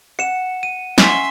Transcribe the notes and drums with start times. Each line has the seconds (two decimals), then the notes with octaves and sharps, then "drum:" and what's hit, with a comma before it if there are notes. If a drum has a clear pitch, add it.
0.19 F#5 C#7 E7
0.63 D#7
0.98 C#4 E5 F#5 C6, drum: snare